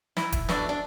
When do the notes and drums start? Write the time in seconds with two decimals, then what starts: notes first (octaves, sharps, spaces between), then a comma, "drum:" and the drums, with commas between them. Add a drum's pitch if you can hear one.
0.17 E4, drum: snare
0.32 drum: kick, hi-hat
0.49 B2 A3 D4, drum: snare
0.69 D4